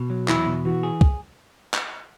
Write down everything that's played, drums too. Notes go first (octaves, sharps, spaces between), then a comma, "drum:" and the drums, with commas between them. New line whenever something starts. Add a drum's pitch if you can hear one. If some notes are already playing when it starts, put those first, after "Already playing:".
Already playing: B2
F#3
E2 E4, drum: clap
B2
E3 F#4
G#4
drum: kick
drum: clap